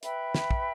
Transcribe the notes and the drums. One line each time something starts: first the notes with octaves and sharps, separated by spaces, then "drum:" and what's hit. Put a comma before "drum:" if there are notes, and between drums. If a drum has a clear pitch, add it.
B4 E5 G5 B5, drum: hi-hat
drum: snare
drum: kick